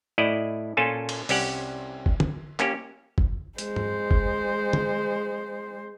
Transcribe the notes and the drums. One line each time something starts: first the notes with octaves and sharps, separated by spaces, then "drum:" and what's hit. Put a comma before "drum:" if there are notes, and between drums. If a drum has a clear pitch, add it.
A2 E4 D5 D#5
A#2 C#4 F4 A4 G#5 A5
drum: cymbal
C2 C#4 G4 F#5, drum: open hi-hat
drum: kick G1
drum: tom
A#3 C#4 G4, drum: clap
drum: kick G1
G#3 C5, drum: hi-hat
drum: tom G#2
drum: kick G1
drum: tom